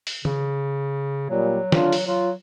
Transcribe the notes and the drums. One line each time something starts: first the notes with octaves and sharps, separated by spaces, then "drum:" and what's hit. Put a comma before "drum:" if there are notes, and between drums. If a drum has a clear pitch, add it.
drum: open hi-hat
C#3, drum: tom
A#2 F#3 G3
D3 D4 F4, drum: snare
drum: open hi-hat
F#3 F4